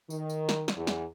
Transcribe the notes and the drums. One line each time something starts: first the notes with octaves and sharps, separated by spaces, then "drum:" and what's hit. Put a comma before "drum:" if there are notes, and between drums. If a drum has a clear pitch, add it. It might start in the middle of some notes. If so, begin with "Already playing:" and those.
D#3, drum: tambourine
drum: tambourine
drum: snare
drum: snare
E2
drum: snare